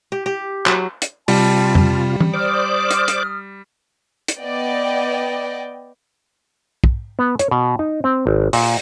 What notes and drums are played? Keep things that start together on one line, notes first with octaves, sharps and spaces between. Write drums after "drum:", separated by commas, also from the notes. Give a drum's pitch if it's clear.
G4
G4
F#3, drum: clap
drum: hi-hat
C3 G3 F4 A5, drum: open hi-hat
drum: tom F2
drum: tom
C5 D5 D6 D#6 F6
drum: hi-hat
drum: hi-hat
drum: hi-hat
B3 D5 D#5 G5
drum: kick
B3
C#5, drum: hi-hat
B2
D#4
C4
G#1
A#2, drum: open hi-hat